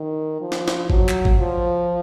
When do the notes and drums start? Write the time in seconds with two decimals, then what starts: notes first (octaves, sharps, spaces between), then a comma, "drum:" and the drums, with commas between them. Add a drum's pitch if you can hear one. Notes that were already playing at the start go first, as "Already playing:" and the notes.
Already playing: D#3
0.41 F3
0.52 drum: snare
0.68 drum: snare
0.90 F#3, drum: kick G#1
1.09 drum: clap
1.25 drum: kick G#1
1.39 F3